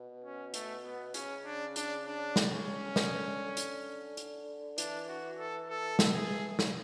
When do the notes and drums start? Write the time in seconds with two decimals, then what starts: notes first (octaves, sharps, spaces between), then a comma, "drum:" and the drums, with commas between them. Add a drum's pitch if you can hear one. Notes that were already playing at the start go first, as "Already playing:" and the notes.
Already playing: B2
0.25 C#4
0.54 A3, drum: hi-hat
0.84 B3
1.14 C#3 C#4, drum: hi-hat
1.45 D4
1.76 D4, drum: hi-hat
2.06 D4
2.36 drum: snare
2.52 C#4
2.96 D3, drum: snare
3.57 drum: hi-hat
4.17 drum: hi-hat
4.78 E3 D4, drum: hi-hat
5.09 F#4
5.38 A4
5.69 A4
5.99 drum: snare
6.14 G#4
6.59 C#3, drum: snare